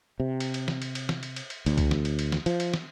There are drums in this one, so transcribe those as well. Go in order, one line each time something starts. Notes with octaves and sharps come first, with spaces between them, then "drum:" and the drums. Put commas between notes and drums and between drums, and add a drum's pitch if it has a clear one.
C3
drum: cymbal
drum: cymbal
drum: snare
drum: cymbal
drum: cymbal
drum: snare
drum: cymbal
drum: cymbal
drum: cymbal
D2, drum: cymbal
drum: kick, cymbal
drum: snare
drum: cymbal
drum: cymbal
drum: snare
F3, drum: cymbal
drum: cymbal
drum: snare